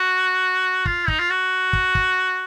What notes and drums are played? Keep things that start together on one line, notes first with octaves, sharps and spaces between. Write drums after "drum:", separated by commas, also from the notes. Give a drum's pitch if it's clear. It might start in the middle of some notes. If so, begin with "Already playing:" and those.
Already playing: F#4
F4, drum: kick
D#4, drum: kick
F4
F#4
drum: kick
drum: kick